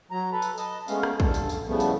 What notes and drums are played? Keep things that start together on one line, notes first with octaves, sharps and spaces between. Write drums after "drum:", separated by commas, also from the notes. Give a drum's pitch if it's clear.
F#3 A#5
A4 B4
drum: tambourine
D#5 A5, drum: tambourine
G#3 A3 B3 C#4 F5, drum: tambourine
drum: rim click
G2 D3 A4, drum: kick
drum: tambourine
drum: tambourine
A2 C#3 F3 G3 A3 B3
drum: tambourine